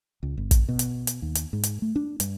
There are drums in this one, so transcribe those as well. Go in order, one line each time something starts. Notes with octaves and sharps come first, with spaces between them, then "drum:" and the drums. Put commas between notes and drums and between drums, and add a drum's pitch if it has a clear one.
C#2
G1
drum: kick, hi-hat
B2
drum: hi-hat
drum: hi-hat
D#2
drum: hi-hat
G#2
drum: hi-hat
A3
D4
G2, drum: hi-hat